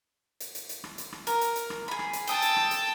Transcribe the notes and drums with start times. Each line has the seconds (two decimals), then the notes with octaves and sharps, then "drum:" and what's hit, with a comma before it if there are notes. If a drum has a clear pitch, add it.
0.40 drum: hi-hat
0.55 drum: hi-hat
0.69 drum: hi-hat
0.84 drum: rim click
0.98 drum: hi-hat
1.12 drum: rim click
1.27 A#4, drum: hi-hat
1.41 drum: hi-hat
1.56 drum: hi-hat
1.70 drum: rim click
1.88 G#4 B5
1.99 drum: rim click
2.13 drum: hi-hat
2.27 A4 G5 A5 D#6, drum: hi-hat
2.42 drum: hi-hat
2.57 drum: rim click
2.71 drum: hi-hat